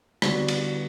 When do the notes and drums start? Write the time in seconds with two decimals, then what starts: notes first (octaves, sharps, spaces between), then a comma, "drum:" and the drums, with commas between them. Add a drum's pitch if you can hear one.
0.22 D3 G3 B3 F#4, drum: rim click
0.48 drum: cymbal